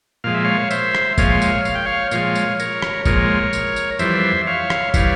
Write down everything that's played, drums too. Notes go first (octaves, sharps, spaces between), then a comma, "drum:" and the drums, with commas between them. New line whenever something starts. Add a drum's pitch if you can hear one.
A#2 F3 G#3 F5
E5
C#5 F5
C5 E5, drum: tambourine
drum: rim click
A#2 F3 G#3 C#5 F5, drum: kick, tambourine
drum: tambourine
F5, drum: tambourine
G5
C#5 F5
A#2 F3 G#3 C#5 F5, drum: tambourine
drum: tambourine
A#4 C#5, drum: tambourine
drum: rim click
A#2 F3 G#3 A#4 C#5, drum: kick, tambourine
drum: tambourine
drum: tambourine
F2 E3 G3 C5 E5, drum: tambourine
C#5 F5
drum: rim click
E3 G3 C#5 F5, drum: kick, tambourine